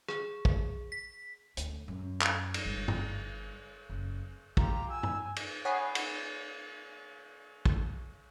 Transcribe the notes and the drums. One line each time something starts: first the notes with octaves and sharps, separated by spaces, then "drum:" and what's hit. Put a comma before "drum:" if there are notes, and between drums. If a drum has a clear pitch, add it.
G#4, drum: rim click
drum: kick
B6
D2, drum: hi-hat
F#2
drum: clap
drum: cymbal
G1 G3
drum: tom G2
F#1
F4 G4 A#5, drum: kick
G#5 E6
drum: tom G2
drum: cymbal
C#5 F#5 G#5 B5 D#6 C7
drum: cymbal
drum: kick